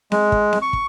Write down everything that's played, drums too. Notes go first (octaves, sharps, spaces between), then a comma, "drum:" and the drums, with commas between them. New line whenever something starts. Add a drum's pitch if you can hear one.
G#3, drum: snare C4
drum: kick
drum: snare C4
C#6
drum: kick